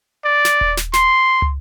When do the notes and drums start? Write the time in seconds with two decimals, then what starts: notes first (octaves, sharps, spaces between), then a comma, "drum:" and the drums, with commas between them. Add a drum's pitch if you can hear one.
0.25 D5
0.45 drum: snare
0.61 drum: kick D#1
0.77 drum: snare
0.93 C6, drum: snare
1.42 drum: tom